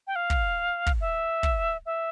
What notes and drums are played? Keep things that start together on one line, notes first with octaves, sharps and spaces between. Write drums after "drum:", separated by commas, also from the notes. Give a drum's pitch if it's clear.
G5
F5
drum: kick
drum: kick
E5
drum: kick
E5